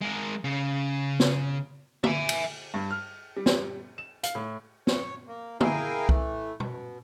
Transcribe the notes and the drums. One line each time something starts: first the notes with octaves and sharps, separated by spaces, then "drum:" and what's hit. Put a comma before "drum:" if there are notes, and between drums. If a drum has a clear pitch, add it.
G#3 A#4
C#3
drum: snare
E5 G#5, drum: tom
drum: cymbal
G2
F6
G3
drum: snare
E7
F5, drum: hi-hat
A2
C#5, drum: snare
A#3
E4 G#4 A#4 F5 G5 G#5, drum: tom
E3 A3, drum: kick C2
B2, drum: tom